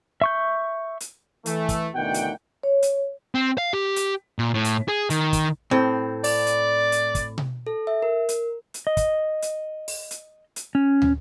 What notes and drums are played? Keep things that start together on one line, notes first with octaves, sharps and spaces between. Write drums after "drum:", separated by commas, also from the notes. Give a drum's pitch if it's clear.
E5 C#6 G6
drum: hi-hat
E3 A3, drum: hi-hat
drum: kick, hi-hat
D2 B2 D#3 E3 F#5 G5
drum: hi-hat
C#5
drum: hi-hat
C4
F5
G4
drum: hi-hat
A#2
A2
drum: hi-hat
G#4
D#3, drum: hi-hat
drum: kick, hi-hat
A2 C4
D5, drum: open hi-hat
drum: hi-hat
drum: hi-hat
drum: kick, hi-hat
drum: tom B2
A4
E5
A#4
drum: hi-hat
drum: hi-hat
D#5
drum: kick, hi-hat
drum: hi-hat
drum: open hi-hat
drum: hi-hat
drum: hi-hat
C#4
drum: tom